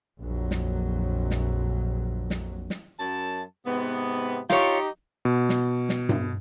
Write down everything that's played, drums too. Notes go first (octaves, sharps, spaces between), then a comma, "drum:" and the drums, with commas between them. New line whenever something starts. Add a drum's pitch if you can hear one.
A#1 F2 F#3
drum: snare
drum: snare
drum: snare
drum: snare
F#2 A5
G#2 C3 B3
D#4 F4 G4 C#5, drum: snare
B2
drum: snare
drum: snare
drum: tom G2